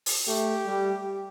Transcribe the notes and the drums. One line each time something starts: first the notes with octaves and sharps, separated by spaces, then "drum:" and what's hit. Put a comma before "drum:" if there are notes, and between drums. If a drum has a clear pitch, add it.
drum: open hi-hat
A3 G4
G3